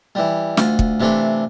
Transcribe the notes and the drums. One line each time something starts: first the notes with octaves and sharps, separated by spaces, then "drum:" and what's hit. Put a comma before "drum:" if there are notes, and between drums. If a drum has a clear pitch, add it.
E3 G3
D2 F4, drum: snare
drum: kick
C3 E3 A3 D4